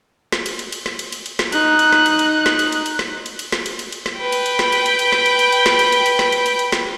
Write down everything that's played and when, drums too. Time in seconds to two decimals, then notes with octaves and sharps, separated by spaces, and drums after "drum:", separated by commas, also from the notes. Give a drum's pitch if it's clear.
0.32 drum: snare
0.46 drum: cymbal
0.59 drum: cymbal
0.72 drum: cymbal
0.86 drum: snare
0.99 drum: cymbal
1.12 drum: cymbal
1.26 drum: cymbal
1.39 drum: snare
1.52 D#4 F#6, drum: cymbal
1.79 drum: cymbal
1.92 drum: snare
2.06 drum: cymbal
2.19 drum: cymbal
2.46 drum: snare
2.59 drum: cymbal
2.72 drum: cymbal
2.86 drum: cymbal
2.99 drum: snare
3.26 drum: cymbal
3.39 drum: cymbal
3.52 drum: snare
3.66 drum: cymbal
3.79 drum: cymbal
3.92 drum: cymbal
4.06 drum: snare
4.18 B4 G5
4.32 drum: cymbal
4.46 drum: cymbal
4.59 drum: snare
4.72 drum: cymbal
4.86 drum: cymbal
4.99 drum: cymbal
5.12 drum: snare
5.26 drum: cymbal
5.39 drum: cymbal
5.52 drum: cymbal
5.66 drum: snare
5.79 drum: cymbal
5.92 drum: cymbal
6.06 drum: cymbal
6.19 drum: snare
6.32 drum: cymbal
6.46 drum: cymbal
6.59 drum: cymbal
6.72 drum: snare